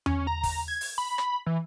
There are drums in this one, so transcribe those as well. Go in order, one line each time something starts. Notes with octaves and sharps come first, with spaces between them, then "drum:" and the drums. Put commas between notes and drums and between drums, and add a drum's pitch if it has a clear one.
C#4, drum: tom E2
A#5
drum: kick, open hi-hat
G#6
drum: open hi-hat
B5
drum: rim click
E3